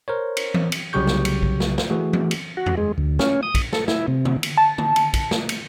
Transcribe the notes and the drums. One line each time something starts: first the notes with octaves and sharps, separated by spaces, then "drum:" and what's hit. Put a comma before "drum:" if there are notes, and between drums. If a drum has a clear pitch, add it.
A#4 C5 C#5
drum: cymbal
drum: tom E3
drum: cymbal
C2 C#3 F#3 G4 C#6 G6
drum: snare
drum: cymbal
drum: kick
drum: snare
drum: snare
E3 A3 F#4 G#4
drum: tom E3
drum: cymbal
F#4
drum: tom E2
G#3
D2
C#4, drum: snare
D#6
drum: kick, cymbal
A4, drum: snare
E4, drum: snare
C3
drum: tom
drum: cymbal
A5
drum: tom
drum: cymbal
drum: kick, cymbal
drum: snare
drum: cymbal